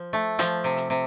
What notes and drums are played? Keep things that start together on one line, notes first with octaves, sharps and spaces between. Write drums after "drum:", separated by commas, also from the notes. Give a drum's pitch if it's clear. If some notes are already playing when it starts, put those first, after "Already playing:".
Already playing: F3
A3
F3, drum: rim click
C3
drum: hi-hat
C3